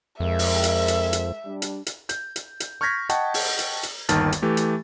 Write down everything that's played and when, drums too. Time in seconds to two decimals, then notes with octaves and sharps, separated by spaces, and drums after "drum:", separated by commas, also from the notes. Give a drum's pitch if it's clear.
0.20 F2 G#3 A#4 E5
0.39 drum: open hi-hat
0.64 drum: hi-hat
0.88 drum: hi-hat
1.13 drum: hi-hat
1.45 G3 D4
1.62 drum: hi-hat
1.86 drum: hi-hat
2.09 G6, drum: hi-hat
2.36 drum: hi-hat
2.60 drum: hi-hat
2.81 C#6 F6 G6 G#6 A#6 B6
3.09 D#5 F#5 G5 A5 C#6, drum: hi-hat
3.34 drum: open hi-hat
3.59 drum: hi-hat
3.83 drum: hi-hat
4.09 G1 D#2 D#3 A5 F6 A6, drum: hi-hat
4.32 drum: hi-hat
4.42 E3 A3 G4
4.57 drum: hi-hat